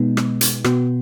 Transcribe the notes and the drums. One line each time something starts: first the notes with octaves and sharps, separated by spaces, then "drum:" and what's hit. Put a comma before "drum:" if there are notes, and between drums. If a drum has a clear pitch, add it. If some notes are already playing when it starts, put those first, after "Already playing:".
Already playing: B2 G#3 B3 D#4
drum: rim click
drum: hi-hat
B2 B3 F#4, drum: rim click